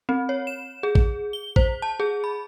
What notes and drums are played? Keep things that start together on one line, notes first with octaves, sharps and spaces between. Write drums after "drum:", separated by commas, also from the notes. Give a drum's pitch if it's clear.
C4
C#5
E7
G#4
drum: kick A1
G7
C5, drum: kick A1
A5
G#4
B5